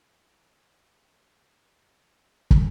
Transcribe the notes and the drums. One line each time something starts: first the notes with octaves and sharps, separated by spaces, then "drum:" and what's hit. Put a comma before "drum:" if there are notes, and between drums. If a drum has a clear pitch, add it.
B4
D#4 B4
D#4 A4 E5 A5 D#6
drum: kick